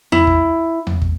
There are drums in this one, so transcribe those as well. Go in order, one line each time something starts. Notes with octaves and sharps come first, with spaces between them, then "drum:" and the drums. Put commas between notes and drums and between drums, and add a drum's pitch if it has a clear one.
E4, drum: tom E2
drum: kick
drum: tom E2
drum: kick